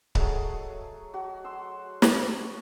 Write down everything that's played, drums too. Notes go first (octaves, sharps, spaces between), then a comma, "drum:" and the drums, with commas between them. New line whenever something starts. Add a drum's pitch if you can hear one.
F#3 A3 G#4 D#5, drum: kick C#1
F#4
C6 E6
drum: snare